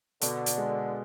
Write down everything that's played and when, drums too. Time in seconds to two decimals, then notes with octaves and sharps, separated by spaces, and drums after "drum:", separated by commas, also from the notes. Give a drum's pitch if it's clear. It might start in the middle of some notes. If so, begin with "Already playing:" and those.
0.21 B2 D3, drum: hi-hat
0.46 drum: hi-hat
0.58 G#3